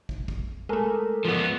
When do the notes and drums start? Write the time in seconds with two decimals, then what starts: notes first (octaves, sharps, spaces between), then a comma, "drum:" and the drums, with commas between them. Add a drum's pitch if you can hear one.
0.09 drum: kick
0.28 drum: kick
0.69 G#3 A3 A4 A#4
1.25 F3 B3